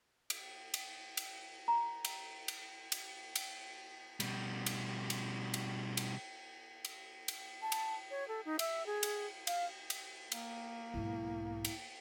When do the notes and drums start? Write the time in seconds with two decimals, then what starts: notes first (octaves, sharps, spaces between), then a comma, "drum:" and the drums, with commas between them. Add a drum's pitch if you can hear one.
0.30 drum: cymbal
0.74 drum: cymbal
1.17 drum: cymbal
1.68 A#5
2.05 drum: cymbal
2.48 drum: cymbal
2.92 drum: cymbal
3.36 drum: cymbal
4.20 B2 G3, drum: cymbal
4.66 drum: cymbal
5.10 drum: cymbal
5.54 drum: cymbal
5.97 drum: cymbal
6.85 drum: cymbal
7.28 drum: cymbal
7.62 A5
7.72 drum: cymbal
8.11 C#5
8.28 A4
8.45 D#4
8.59 E5, drum: cymbal
8.86 G#4
9.03 drum: cymbal
9.47 F5, drum: cymbal
9.90 drum: cymbal
10.32 A#3, drum: cymbal
10.94 B1 G#2 E4
11.65 drum: cymbal